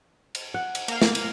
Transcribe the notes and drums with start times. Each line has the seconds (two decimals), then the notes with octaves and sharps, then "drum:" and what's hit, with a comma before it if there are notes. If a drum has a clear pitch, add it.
0.35 drum: cymbal
0.54 F#5
0.75 drum: cymbal
0.88 A#3 F5, drum: cymbal
1.02 drum: snare
1.15 drum: cymbal